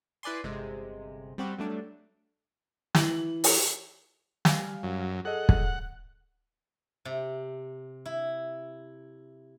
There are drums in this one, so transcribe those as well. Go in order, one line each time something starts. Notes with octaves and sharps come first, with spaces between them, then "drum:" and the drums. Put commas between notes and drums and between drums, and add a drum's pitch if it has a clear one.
E4 B4 D5 G#5 C6
G1 C3 G#3
G3 C4 F#4 G4
F#3 G3 A3 D4
E3 F#7, drum: snare
drum: open hi-hat
G3 F5 G#5, drum: snare
F#2
G#4 A4 D#5 F#5
drum: kick
C3
E4